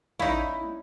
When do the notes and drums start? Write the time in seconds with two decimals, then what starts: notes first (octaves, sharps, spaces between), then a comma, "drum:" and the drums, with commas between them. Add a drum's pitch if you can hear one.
0.20 C#4 D#4 E4 F5 B5, drum: kick A1
0.63 drum: tom